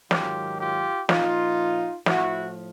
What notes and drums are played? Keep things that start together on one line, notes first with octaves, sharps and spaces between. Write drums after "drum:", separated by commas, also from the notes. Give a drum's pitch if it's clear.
G#2 D#3 F#3 F4 G4, drum: snare
F4 G4
A#2 F3 D#4 F4, drum: snare
A2 F3 E4 F#4, drum: snare